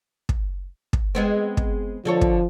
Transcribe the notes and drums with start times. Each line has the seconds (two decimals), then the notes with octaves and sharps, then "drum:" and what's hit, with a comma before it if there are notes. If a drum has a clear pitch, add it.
0.29 drum: kick
0.93 drum: kick
1.15 G#3 B3 C4
1.57 drum: kick
2.05 D3 F3 A4 C#5
2.21 drum: kick